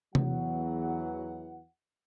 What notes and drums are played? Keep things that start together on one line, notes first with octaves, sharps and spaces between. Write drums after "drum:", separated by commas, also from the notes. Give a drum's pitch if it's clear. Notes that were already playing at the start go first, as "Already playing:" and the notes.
E2 E3 F#3 F#5, drum: tom C3